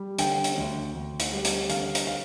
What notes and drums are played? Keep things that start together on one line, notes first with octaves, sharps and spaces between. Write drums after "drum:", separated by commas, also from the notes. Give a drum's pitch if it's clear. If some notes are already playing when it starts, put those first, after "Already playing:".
Already playing: G3
D3 G5, drum: hi-hat
drum: hi-hat
D2
D2
drum: hi-hat
G3
drum: hi-hat
D3 F5, drum: hi-hat
drum: hi-hat
F5